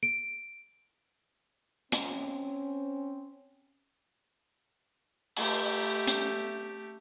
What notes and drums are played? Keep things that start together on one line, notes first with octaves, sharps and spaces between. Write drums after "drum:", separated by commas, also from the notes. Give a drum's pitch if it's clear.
D7
C4 C#4, drum: hi-hat
A3 G4, drum: open hi-hat
drum: hi-hat